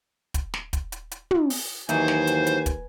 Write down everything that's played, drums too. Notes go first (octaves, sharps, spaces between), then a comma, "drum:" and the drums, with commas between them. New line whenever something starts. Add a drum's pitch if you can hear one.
drum: kick, hi-hat
drum: snare
drum: kick, hi-hat
drum: hi-hat
drum: hi-hat
drum: tom
drum: open hi-hat
D#2 E3 F#3 D#4 B4 C5 G#5, drum: hi-hat
drum: snare
drum: hi-hat
drum: hi-hat
drum: kick, hi-hat